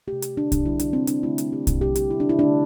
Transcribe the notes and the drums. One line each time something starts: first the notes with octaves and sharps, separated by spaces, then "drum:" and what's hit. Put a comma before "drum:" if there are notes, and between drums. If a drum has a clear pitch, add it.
C3 A3 G4
drum: hi-hat
D4
D4, drum: kick, hi-hat
D3 G3 E4
D4, drum: hi-hat
C4
D4, drum: hi-hat
D3 A3 E4
drum: hi-hat
G4
drum: kick, hi-hat
C3 G3 G4
G4, drum: hi-hat
E4
D4
E4
D3 A3 D4